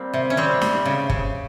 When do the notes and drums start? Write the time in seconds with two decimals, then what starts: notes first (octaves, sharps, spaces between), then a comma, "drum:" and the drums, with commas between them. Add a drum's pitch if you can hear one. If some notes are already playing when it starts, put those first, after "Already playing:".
Already playing: G3 A#3 C4
0.14 C3
0.30 C#4
0.37 G3 C4
0.61 G3, drum: snare
0.86 C#3
1.10 C#3, drum: kick